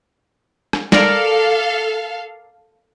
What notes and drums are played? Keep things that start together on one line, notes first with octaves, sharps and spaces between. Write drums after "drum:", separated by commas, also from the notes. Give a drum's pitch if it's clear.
drum: rim click
A4 A#4 D5 F5, drum: snare G3